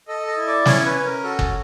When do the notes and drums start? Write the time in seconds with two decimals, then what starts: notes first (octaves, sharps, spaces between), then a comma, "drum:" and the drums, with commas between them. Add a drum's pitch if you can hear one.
0.08 A4 D#5
0.27 D#5
0.37 E4
0.47 D5
0.66 C#4 C#5, drum: snare
0.85 B4
0.95 C#4
1.05 A#4
1.24 F#4 A4
1.39 drum: kick F#1